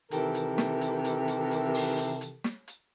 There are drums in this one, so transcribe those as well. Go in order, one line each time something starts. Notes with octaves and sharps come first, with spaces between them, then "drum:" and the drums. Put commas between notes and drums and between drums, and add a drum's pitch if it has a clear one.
C3 D#3 E3 G4 A4 A#4, drum: hi-hat
drum: hi-hat
drum: snare
drum: hi-hat
drum: hi-hat
drum: hi-hat
drum: hi-hat
drum: open hi-hat
drum: hi-hat
drum: hi-hat
drum: snare
drum: hi-hat